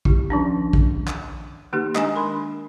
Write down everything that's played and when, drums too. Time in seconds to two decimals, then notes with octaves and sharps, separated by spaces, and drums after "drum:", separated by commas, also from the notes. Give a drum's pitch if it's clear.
0.05 E4 G4, drum: kick
0.30 D#3 F3 C#4 D4
0.73 drum: kick
1.07 drum: clap
1.73 D#3 A#3 D#4 G4
1.95 G#3 D4 G#5, drum: clap
2.15 A#4 B5 C6